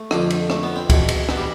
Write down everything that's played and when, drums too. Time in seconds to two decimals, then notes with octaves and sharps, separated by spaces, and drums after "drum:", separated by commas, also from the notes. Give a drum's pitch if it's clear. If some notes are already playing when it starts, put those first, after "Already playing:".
Already playing: A3
0.11 F2 D3 F3, drum: rim click
0.30 drum: cymbal
0.50 A3, drum: rim click
0.63 B3
0.76 C4
0.90 E2 B2, drum: kick C#2, cymbal
1.09 drum: cymbal
1.29 B3, drum: rim click
1.37 G3